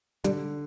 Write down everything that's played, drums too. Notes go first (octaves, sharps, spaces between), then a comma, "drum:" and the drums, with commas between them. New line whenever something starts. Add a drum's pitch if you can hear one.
D3 G3, drum: hi-hat